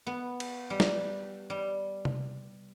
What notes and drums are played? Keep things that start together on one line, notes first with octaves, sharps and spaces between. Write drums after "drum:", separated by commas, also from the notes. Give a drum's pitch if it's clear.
B3
drum: cymbal
G3
drum: snare
G3
drum: tom C3